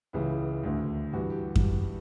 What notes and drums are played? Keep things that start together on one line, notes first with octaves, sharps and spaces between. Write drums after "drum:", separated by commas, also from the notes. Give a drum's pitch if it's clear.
C#2 C#3 E3 E4
D2 D3
G2 E3 F#4
G4
drum: kick F#2